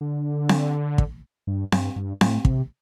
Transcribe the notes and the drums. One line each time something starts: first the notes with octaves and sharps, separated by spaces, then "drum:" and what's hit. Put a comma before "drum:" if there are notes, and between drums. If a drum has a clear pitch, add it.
D3
drum: snare C4
drum: kick
G2
G2, drum: snare C4
G2
A2, drum: snare C4
C3, drum: kick